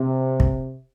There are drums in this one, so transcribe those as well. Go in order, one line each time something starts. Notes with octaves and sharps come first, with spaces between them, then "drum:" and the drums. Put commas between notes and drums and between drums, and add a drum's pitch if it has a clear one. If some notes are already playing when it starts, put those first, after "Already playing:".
Already playing: C3
drum: kick